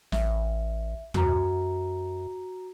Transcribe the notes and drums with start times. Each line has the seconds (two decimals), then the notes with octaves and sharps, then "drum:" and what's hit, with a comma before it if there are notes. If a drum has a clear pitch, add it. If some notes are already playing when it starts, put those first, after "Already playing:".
0.12 A1 E5, drum: snare
1.14 F#2 F#4 A#5, drum: tom D#2